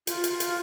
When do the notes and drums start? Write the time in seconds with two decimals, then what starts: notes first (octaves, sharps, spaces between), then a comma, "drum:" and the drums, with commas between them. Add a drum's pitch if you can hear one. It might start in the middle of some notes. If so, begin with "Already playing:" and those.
0.07 F4, drum: hi-hat
0.24 drum: hi-hat
0.40 drum: hi-hat